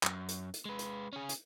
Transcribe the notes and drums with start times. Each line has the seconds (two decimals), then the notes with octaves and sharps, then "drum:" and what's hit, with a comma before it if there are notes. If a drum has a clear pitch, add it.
0.03 F#2, drum: clap
0.28 drum: hi-hat
0.54 drum: hi-hat
0.65 G#3 B4
0.79 drum: hi-hat
1.13 C#4 G#4
1.29 drum: hi-hat